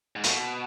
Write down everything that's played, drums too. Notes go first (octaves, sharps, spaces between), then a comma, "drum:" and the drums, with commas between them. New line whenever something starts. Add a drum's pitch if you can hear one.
G#2
B2, drum: hi-hat